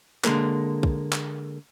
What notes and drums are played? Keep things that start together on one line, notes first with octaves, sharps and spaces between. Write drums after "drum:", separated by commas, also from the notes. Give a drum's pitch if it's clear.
D3 G#3 A#3, drum: clap
drum: kick
drum: clap